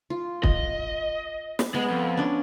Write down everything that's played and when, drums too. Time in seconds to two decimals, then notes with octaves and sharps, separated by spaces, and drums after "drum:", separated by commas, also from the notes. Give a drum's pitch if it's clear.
0.10 F4
0.43 D#5, drum: kick
1.59 drum: snare
1.75 G#3 B3
1.90 F2
2.17 C#4 D4